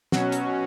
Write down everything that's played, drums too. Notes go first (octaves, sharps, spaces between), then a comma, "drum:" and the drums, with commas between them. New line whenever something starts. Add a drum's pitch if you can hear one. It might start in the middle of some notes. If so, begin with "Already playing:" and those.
B2 F#3 C#4 F#4, drum: snare
drum: hi-hat